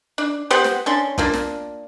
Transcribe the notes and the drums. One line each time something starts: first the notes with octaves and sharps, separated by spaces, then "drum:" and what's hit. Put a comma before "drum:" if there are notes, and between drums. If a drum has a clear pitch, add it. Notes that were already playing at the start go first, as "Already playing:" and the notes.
D4
B3 G4 C5 F#5
drum: snare
C#4 D4 C6
A#3 D4 F4, drum: kick
drum: snare